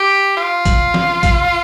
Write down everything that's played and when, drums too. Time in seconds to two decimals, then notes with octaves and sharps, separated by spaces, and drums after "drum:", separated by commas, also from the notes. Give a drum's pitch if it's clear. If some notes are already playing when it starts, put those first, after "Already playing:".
Already playing: G4
0.37 F4
0.65 drum: kick A1, hi-hat
0.94 drum: snare F3
1.23 drum: kick A1, hi-hat